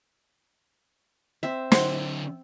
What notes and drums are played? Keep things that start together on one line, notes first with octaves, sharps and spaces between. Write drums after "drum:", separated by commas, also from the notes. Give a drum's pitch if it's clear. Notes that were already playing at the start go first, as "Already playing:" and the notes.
C4 E5
D3 F#3 C5 F#5 C6, drum: snare